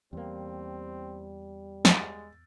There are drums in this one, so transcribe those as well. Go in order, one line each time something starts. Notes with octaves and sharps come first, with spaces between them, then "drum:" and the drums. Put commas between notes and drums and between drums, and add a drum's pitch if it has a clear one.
E2 G3 A#3 C4
G#3 A6, drum: snare